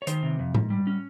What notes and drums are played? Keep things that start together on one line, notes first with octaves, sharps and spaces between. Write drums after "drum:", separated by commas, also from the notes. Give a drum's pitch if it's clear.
C#5
D#3 C5, drum: hi-hat
C3
F2
G#2, drum: tom A2
G3
C#4